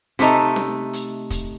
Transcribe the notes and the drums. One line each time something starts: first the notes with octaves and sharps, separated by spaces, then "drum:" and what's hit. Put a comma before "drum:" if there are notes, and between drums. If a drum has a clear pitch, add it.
C3 A3 D#4 A4, drum: hi-hat
drum: snare C#4
drum: hi-hat
drum: kick, hi-hat